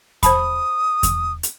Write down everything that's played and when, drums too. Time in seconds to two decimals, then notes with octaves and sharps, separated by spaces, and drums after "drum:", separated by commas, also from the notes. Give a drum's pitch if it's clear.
0.23 C5 A5 B5 D#6, drum: kick E2, hi-hat
1.03 drum: kick E2, hi-hat
1.43 drum: hi-hat